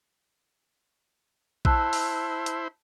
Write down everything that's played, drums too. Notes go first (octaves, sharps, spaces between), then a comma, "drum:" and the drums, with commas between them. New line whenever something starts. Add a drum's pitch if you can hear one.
E4 C5 A5 E6 F#6, drum: kick A#1
drum: open hi-hat
drum: hi-hat